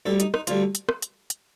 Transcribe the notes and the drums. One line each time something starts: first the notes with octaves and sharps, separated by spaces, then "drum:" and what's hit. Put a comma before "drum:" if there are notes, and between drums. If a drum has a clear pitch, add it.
D2 D3 G3 A4
D#4, drum: hi-hat
D#4, drum: rim click
D2 D3 G3 F4, drum: hi-hat
drum: hi-hat
drum: rim click
drum: hi-hat
drum: hi-hat